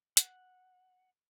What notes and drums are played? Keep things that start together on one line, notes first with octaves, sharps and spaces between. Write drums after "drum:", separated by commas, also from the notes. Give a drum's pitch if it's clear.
F#5, drum: hi-hat